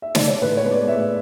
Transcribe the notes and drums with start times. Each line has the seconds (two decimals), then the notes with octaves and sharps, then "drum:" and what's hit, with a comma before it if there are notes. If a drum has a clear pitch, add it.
0.02 E5
0.15 D5, drum: snare
0.28 C#5
0.41 A2 B4
0.57 C#5
0.64 G#3 B3
0.71 D5
0.87 A2 E5